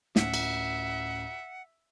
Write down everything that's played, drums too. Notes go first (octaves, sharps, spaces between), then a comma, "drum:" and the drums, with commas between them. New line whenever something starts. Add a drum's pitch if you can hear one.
D2 A2 C#4 E5 F#5, drum: snare
drum: cymbal